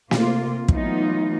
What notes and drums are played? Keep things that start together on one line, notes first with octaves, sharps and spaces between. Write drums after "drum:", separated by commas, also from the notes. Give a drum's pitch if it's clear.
C3 A#3 F4, drum: snare
E3 F#3 A3 B3 D#4 F4, drum: kick